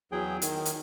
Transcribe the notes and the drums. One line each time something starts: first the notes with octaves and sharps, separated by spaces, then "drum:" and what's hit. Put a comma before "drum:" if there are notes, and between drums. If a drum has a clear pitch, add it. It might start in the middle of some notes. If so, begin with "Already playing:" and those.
E2 F#3 G#4 G5
D#3, drum: hi-hat
drum: hi-hat